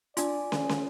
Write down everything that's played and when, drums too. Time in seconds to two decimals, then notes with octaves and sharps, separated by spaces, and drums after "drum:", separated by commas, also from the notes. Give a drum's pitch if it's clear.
0.17 D4 F4 D5 G#5, drum: hi-hat
0.52 drum: snare
0.69 drum: snare